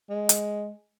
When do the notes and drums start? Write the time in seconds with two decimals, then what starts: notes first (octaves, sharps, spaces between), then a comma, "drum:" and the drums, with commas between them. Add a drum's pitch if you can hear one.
0.10 G#3
0.29 drum: hi-hat